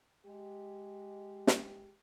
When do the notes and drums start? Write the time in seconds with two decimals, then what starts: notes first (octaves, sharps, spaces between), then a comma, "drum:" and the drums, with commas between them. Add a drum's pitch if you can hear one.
0.25 G#3 G4
1.47 drum: snare